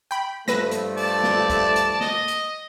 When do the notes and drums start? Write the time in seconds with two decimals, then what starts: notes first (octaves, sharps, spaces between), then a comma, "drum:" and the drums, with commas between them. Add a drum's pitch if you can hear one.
0.11 G5 B5
0.48 G2 F3 A3 B4 E6 A#6, drum: snare
0.71 drum: hi-hat
0.97 D5 A5, drum: open hi-hat
1.24 drum: snare
1.50 drum: kick, hi-hat
1.76 drum: hi-hat
2.01 D#5, drum: snare
2.28 drum: hi-hat